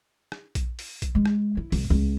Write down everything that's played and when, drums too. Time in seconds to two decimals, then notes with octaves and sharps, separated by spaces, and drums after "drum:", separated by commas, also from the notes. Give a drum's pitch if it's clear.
0.32 drum: rim click
0.55 drum: kick A#1, hi-hat
0.79 drum: open hi-hat
1.02 drum: kick A#1, hi-hat
1.15 G#3
1.26 drum: rim click
1.57 E4
1.72 C2, drum: open hi-hat
1.90 C#2